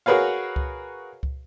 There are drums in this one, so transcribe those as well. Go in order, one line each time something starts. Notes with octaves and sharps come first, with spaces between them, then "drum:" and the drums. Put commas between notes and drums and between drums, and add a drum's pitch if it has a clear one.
F#4 G#4 A#4 B4 C#5 F5
drum: kick C#2
drum: kick C#2